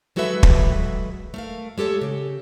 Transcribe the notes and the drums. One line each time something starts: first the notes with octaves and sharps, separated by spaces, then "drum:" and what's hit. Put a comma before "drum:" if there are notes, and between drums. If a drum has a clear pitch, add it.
F#3 G#3 F#4 A4 B4 E5
drum: kick
A3 A#4 F5
G#3 G4 A4 C#5
C#3 G4